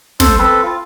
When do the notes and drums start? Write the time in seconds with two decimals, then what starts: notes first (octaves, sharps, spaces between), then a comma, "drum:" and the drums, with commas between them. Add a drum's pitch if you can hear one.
0.20 A4 C5, drum: snare
0.39 C4 A4 B4
0.63 F4